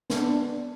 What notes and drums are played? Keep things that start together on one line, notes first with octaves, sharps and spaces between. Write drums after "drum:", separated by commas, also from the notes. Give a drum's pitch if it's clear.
B3 D4, drum: snare